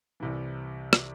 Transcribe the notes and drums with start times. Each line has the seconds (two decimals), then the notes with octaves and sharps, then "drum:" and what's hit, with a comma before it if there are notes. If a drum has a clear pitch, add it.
0.20 C2 C3 E3
0.93 drum: rim click